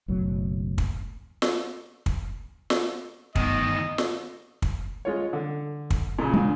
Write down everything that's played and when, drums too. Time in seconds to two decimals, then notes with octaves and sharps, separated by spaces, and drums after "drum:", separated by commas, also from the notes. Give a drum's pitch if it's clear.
0.08 F#1 B1 A2 F#3
0.78 drum: kick
1.42 drum: snare
2.06 drum: kick
2.70 drum: snare
3.35 D2 G2 D#3 B3 D#5, drum: kick
3.98 drum: snare
4.62 drum: kick
5.05 G#3 F4 C#5
5.33 D3
5.90 drum: kick
6.19 A#2 C#3
6.34 G#3 D4